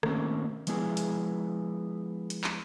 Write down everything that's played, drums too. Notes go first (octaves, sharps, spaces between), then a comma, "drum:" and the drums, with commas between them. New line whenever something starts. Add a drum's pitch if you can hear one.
D#3 A3 A#3 C4 C#4, drum: rim click
F3 G#3 B3 E4 G#4, drum: hi-hat
drum: hi-hat
drum: hi-hat
drum: clap